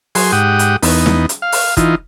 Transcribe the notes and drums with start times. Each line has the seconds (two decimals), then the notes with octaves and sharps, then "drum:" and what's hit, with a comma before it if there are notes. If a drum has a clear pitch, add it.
0.15 F#3 G#4 C6, drum: open hi-hat
0.32 G#2 G4 F#5 D#6
0.59 drum: hi-hat
0.83 E2 B3 D#4, drum: open hi-hat
1.06 drum: snare
1.29 drum: hi-hat
1.42 F5
1.52 drum: open hi-hat
1.77 E3 D#4 F4, drum: kick, hi-hat